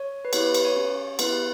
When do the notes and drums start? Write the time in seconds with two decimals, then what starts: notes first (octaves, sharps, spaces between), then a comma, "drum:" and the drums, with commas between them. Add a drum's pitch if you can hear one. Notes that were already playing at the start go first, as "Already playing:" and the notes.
Already playing: C#5
0.25 B4
0.33 B3 E4 G4 C#5, drum: cymbal
0.44 B4
0.54 B4, drum: cymbal
0.65 C#5
0.76 C#4 F#4 C#5
1.19 B3 E4 G4 B4, drum: cymbal